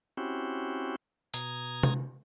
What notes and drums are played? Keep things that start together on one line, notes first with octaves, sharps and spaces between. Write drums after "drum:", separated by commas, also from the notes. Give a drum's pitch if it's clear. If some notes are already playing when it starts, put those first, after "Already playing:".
C4 C#4 E4 F#4 G4
B2 A#5 D#6 G#6, drum: hi-hat
drum: tom C3